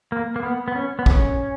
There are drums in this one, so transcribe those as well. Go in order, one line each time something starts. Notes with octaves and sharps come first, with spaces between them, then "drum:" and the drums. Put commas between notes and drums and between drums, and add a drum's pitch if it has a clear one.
A#3
A#3
B3
B3
C#4
B3
C#4, drum: kick